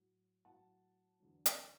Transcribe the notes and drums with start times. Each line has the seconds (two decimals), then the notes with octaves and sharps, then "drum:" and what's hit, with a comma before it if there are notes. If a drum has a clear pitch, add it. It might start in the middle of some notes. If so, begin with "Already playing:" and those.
Already playing: A2 F#3
0.45 A2 F#3 F#5 A5
1.20 E2 D3 F#3
1.46 drum: hi-hat